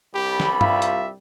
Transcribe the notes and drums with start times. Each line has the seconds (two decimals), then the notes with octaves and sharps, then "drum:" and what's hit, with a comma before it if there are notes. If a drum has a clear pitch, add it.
0.15 C2 G2 G3 G4 B5
0.40 drum: snare
0.61 F4 E5, drum: tom
0.82 drum: hi-hat